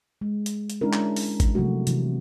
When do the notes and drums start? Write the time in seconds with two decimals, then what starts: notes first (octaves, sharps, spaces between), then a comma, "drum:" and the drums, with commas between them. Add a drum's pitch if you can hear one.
0.21 G#3
0.46 drum: hi-hat
0.70 drum: hi-hat
0.81 G#3 C#4 D4 E4 A#4
0.93 drum: clap
1.16 drum: open hi-hat
1.40 drum: kick, hi-hat
1.55 C3 F3 F#3 A3 F#4
1.87 C3 E3, drum: hi-hat